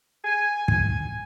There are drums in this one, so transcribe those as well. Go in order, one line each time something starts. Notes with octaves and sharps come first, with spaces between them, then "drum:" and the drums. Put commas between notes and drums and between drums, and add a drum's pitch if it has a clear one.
G#5
G#5, drum: kick